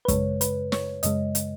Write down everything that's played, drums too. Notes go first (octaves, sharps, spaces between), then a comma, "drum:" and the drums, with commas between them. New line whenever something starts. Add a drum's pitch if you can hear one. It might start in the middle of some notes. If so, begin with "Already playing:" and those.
B4
F#2 C#3 G#3 C#5, drum: kick, hi-hat
B4, drum: hi-hat
C#5, drum: snare
F#2 C#3 G#3 D#5, drum: hi-hat
drum: hi-hat